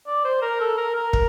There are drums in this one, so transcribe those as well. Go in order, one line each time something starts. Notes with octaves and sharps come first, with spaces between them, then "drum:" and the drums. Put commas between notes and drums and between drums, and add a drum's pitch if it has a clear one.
D5
C5
A#4
A4
A#4
A#4
drum: kick